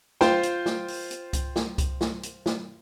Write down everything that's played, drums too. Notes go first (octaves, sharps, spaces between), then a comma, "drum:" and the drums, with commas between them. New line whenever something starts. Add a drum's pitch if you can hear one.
F4 C5 G5, drum: snare
drum: hi-hat
drum: snare
drum: open hi-hat
drum: hi-hat
drum: kick C2, hi-hat
drum: snare
drum: kick C2, hi-hat
drum: snare
drum: hi-hat
drum: snare